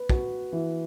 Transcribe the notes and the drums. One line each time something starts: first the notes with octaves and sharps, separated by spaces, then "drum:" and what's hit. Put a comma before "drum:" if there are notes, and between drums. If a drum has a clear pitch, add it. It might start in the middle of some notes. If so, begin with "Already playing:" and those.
Already playing: B4
F#4, drum: kick
E3